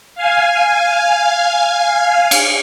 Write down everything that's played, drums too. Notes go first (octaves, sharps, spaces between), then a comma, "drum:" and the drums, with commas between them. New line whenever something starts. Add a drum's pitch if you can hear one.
F5 G#5
drum: cymbal